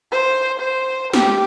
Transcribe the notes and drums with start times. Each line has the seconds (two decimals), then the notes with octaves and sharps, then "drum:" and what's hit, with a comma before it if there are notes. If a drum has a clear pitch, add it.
0.12 C5
0.60 C5
1.13 G4, drum: snare